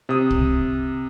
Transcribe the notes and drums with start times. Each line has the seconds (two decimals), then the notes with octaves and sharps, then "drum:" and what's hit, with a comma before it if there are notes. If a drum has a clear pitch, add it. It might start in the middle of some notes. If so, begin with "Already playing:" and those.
0.09 C3 D#6
0.31 drum: kick